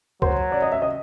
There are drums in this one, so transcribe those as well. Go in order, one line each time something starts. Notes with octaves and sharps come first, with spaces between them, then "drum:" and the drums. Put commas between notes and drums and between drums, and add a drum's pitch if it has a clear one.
F#3 C5, drum: kick C#2
D5
D#5
E5
D#5